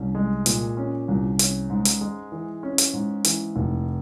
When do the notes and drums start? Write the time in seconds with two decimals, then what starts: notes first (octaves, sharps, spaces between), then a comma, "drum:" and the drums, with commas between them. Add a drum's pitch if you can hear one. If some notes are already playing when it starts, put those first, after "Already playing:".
Already playing: C2 C#4
0.15 G#3
0.46 A#2, drum: hi-hat
0.77 C#4
1.08 C2
1.39 C#4, drum: hi-hat
1.70 G#2
1.85 drum: hi-hat
2.01 G#3
2.32 E3
2.63 C#4
2.78 drum: hi-hat
2.93 G#2
3.25 E3, drum: hi-hat
3.56 F1